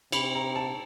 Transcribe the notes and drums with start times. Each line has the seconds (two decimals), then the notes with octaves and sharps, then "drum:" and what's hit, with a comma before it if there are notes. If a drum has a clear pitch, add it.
0.12 C3 B5, drum: cymbal
0.35 A#5
0.56 A5